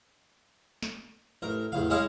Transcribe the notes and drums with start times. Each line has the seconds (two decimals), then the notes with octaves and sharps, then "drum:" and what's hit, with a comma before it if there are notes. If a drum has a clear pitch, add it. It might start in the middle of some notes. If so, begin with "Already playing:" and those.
0.83 drum: snare
1.42 A1 A#4
1.72 A1 E2 F5, drum: tom C3
1.90 G#3 C#4 E4 D#5 F5